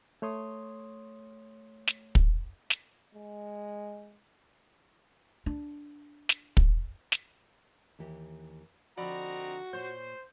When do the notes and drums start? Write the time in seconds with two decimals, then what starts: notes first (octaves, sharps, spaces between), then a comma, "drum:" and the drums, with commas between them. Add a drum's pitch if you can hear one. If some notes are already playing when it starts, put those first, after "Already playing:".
0.22 A3 C#5 C6 D#6
1.87 drum: snare
2.15 drum: kick
2.70 drum: snare
3.15 G#3
5.46 D4
6.29 drum: snare
6.57 drum: kick
7.12 drum: snare
7.99 D#2 E3 G4
8.98 D3 F3 C4 F#4 D5 D#5 A#5 B5
9.73 A#2 C5 C#5 G6